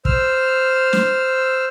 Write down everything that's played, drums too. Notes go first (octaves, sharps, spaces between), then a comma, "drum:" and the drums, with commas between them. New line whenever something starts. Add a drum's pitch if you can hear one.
C5 E6 F6, drum: kick
drum: snare